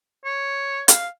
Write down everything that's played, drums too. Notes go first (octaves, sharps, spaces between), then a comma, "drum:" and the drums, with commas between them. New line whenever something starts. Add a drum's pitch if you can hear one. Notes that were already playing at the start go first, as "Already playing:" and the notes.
C#5
F5, drum: hi-hat